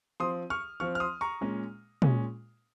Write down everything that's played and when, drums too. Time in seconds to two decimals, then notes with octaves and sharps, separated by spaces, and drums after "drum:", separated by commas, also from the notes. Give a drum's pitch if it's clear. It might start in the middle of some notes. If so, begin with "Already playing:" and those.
0.20 F3 C4 C6 D#6
0.50 C#6 F6
0.80 F3 C4 C#6 F6
0.95 F6
1.00 C6 D#6
1.21 A#5 C#6
1.41 A#2 G#3 C#4
2.02 A#2 G#3 C#4, drum: tom